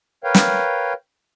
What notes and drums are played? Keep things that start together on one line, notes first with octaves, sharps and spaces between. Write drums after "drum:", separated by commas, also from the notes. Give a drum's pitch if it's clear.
A#4 B4 C#5 F5 G5
drum: snare